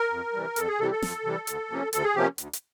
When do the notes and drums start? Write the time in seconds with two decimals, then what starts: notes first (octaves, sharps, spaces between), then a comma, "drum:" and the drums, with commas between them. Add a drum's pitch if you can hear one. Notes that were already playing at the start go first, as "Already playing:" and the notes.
Already playing: A#4
0.11 F2
0.33 C3 E3 G3
0.56 F2 A4, drum: hi-hat
0.68 G#4
0.80 C3 E3 G3 A4
0.91 A4
1.02 F2, drum: snare
1.24 C3 E3 G3
1.47 D2, drum: hi-hat
1.70 C3 F3 A#3 C#4
1.93 D2 A4, drum: hi-hat
2.04 G#4
2.15 C3 F3 A#3 C#4 G4
2.38 D2, drum: hi-hat
2.53 drum: hi-hat